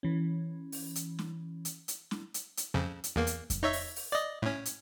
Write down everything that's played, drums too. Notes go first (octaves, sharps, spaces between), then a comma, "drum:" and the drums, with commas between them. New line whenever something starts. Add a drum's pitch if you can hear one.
E3 C#4
drum: open hi-hat
drum: hi-hat
drum: snare
drum: hi-hat
drum: hi-hat
drum: snare
drum: hi-hat
drum: hi-hat
F2 C#3
drum: hi-hat
E2 A#3
drum: hi-hat
drum: kick F2, hi-hat
D#4 C#5 E5
drum: open hi-hat
drum: open hi-hat
D5 D#5
A2 C#4
drum: hi-hat